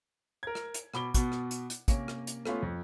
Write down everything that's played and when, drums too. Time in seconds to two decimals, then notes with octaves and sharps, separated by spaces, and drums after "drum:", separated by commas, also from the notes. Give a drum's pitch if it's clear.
0.43 A#4 G#6
0.55 drum: rim click
0.74 drum: hi-hat
0.94 B2 B5 D6 G7, drum: rim click
1.14 B2 B3, drum: kick, hi-hat
1.32 drum: rim click
1.51 drum: hi-hat
1.70 drum: hi-hat
1.88 C3 A#3 C#4 A#4, drum: kick, hi-hat
2.08 drum: rim click
2.27 drum: hi-hat
2.45 A3 B3 C#4 F4, drum: rim click
2.62 F2